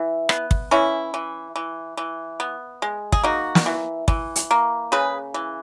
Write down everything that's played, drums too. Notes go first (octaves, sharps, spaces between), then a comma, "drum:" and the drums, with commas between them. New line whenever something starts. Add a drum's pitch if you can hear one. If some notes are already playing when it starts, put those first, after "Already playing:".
Already playing: E3
B3, drum: rim click
drum: kick
E3 C#4 E4
E3
E3
E3
B3
G#3
G#4, drum: kick
A#3 D#4 F#4
drum: snare
E3
E3, drum: kick
drum: hi-hat
A#3
C#3 G#4 B4
E3